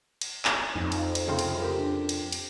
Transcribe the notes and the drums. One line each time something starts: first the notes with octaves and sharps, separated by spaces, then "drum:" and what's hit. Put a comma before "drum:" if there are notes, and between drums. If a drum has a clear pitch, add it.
drum: cymbal
drum: clap
F2 D#4
drum: cymbal
drum: cymbal
C2 F#2 C#3 A4 G5 C6
drum: cymbal
G4 A#4
D4
drum: cymbal
drum: cymbal